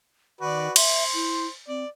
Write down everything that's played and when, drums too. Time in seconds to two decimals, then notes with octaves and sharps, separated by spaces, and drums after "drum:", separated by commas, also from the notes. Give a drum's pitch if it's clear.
0.41 D#3 F#4 B4 D5
0.76 C5 E5, drum: cymbal
1.14 E4
1.68 C4 D5